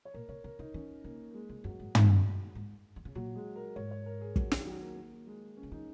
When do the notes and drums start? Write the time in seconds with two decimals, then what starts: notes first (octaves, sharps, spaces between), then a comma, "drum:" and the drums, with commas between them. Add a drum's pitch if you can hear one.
0.05 C#5
0.14 A#2 A#4
0.29 C#3 C#5
0.44 C#3 A#4
0.59 C#3 D#4
0.74 D#3 C#4
1.04 C#3 A#3
1.31 A#3
1.34 G#3
1.50 C#3
1.64 F#2 F#3
1.79 G#2
1.95 A#2, drum: tom
2.55 G#2
2.96 D#3
3.05 C#3
3.15 A#2 F#3
3.36 G#3
3.56 A#4
3.76 G#2 C#5
3.91 C#5
4.06 A#4
4.21 G#4
4.36 F#3, drum: kick
4.51 D#3, drum: snare
4.66 F#3
4.81 A#3
4.96 A#3
5.27 G#3
5.57 C#4
5.63 C#3
5.72 D#3 D#4